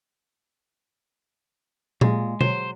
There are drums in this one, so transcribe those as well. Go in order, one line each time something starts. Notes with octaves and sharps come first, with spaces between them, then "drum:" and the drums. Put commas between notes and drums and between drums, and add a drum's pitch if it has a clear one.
A#2 G#3, drum: tom A#2
F#3 C5, drum: tom B2